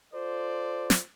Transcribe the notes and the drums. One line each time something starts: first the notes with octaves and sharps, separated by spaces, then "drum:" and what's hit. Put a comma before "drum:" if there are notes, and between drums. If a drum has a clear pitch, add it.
F4 A4 C5 D5
drum: snare